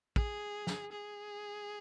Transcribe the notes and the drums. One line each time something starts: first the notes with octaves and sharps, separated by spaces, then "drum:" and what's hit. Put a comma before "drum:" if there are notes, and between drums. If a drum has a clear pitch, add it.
G#4, drum: kick
drum: snare
G#4